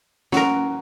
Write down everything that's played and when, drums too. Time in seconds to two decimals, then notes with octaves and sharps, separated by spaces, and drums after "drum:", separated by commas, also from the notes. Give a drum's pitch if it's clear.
0.32 F#3 C#4 A#4, drum: snare